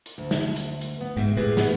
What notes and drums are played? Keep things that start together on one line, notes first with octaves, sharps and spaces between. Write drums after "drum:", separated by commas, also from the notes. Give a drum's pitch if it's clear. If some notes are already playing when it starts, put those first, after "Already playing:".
drum: hi-hat
D2
drum: snare
drum: hi-hat
drum: hi-hat
B3
G#2 E5 G5
A2 G4 G#4 B4
B3, drum: snare